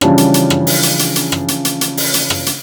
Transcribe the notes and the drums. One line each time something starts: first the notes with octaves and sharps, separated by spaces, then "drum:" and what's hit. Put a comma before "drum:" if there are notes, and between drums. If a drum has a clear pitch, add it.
C#3 E3 F3 G3 C#4 D4, drum: rim click
drum: hi-hat
drum: hi-hat
drum: rim click
drum: open hi-hat
drum: hi-hat
drum: hi-hat
drum: hi-hat
drum: rim click
drum: hi-hat
drum: hi-hat
drum: hi-hat
drum: open hi-hat
drum: hi-hat
drum: rim click
drum: hi-hat